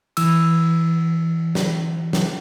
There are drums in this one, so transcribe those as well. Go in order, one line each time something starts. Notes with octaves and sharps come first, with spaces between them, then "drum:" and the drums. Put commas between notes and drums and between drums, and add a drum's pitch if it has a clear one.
E3 E6, drum: cymbal
drum: snare
drum: snare